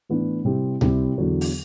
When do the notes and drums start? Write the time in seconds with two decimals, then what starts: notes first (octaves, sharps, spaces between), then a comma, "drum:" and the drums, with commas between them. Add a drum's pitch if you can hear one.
0.09 A2 E3 B3 D4
0.45 C3 G3 C4 E4 G4
0.81 C3 G3 C4 E4 G4, drum: tom C#2
1.18 E2 D3 F#3
1.41 drum: open hi-hat